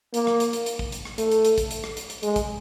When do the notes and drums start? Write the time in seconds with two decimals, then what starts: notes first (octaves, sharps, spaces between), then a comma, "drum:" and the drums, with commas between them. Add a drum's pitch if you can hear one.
0.14 A#3, drum: hi-hat
0.27 drum: rim click
0.40 drum: hi-hat
0.53 drum: hi-hat
0.66 drum: hi-hat
0.79 drum: kick
0.92 drum: hi-hat
1.05 drum: rim click
1.18 A3, drum: hi-hat
1.32 drum: hi-hat
1.45 drum: hi-hat
1.58 drum: kick, hi-hat
1.71 drum: hi-hat
1.84 drum: rim click
1.97 drum: hi-hat
2.10 drum: hi-hat
2.23 G#3, drum: hi-hat
2.36 drum: kick, hi-hat